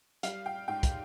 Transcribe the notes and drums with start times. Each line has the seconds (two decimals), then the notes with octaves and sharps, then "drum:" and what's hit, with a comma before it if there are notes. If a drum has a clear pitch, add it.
0.23 G3 F5, drum: hi-hat
0.46 G5
0.68 G#2 G5
0.83 drum: kick, hi-hat